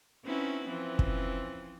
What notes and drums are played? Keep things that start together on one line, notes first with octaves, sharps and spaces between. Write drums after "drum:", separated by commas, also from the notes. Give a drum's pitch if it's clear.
C4 C#4 D#4 E4 F#4 B4
E3 F3 C4 C#4
drum: kick